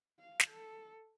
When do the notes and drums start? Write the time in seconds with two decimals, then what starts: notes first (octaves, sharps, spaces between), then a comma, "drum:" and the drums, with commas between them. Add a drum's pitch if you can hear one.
0.19 F5
0.40 drum: snare
0.49 A4